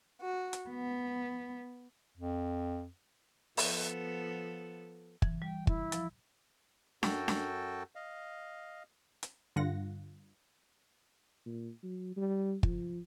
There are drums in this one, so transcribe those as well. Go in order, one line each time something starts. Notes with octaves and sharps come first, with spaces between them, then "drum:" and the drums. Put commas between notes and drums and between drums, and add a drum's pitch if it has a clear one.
F#4
drum: hi-hat
B3
F2
F3 B3 A4, drum: open hi-hat
E3, drum: kick
G3 G5
E4, drum: kick
F3, drum: hi-hat
F#2 F#4 A4 G5 A5, drum: snare D4
drum: snare D4
D#5 F5
drum: hi-hat
G2 D3 F4 F#5 A#6
A#2
F#3
G3
F3, drum: kick